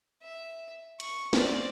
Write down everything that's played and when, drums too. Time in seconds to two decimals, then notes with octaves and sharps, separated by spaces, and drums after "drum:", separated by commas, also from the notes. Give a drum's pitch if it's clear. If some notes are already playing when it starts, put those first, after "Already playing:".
0.22 E5
1.00 C#6, drum: hi-hat
1.33 C4 D5, drum: snare